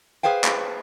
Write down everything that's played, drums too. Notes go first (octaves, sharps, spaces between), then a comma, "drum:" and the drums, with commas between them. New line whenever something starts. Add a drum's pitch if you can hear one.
G#4 B4 C5 F5 G5
drum: clap